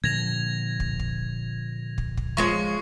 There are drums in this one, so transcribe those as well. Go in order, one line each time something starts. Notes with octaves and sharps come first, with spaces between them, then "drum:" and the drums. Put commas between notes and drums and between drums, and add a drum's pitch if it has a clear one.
A#2 D3 F3 G#6 A#6 F7
drum: kick
drum: kick
drum: kick
drum: kick
F3 G#3 C#5 C#6 C7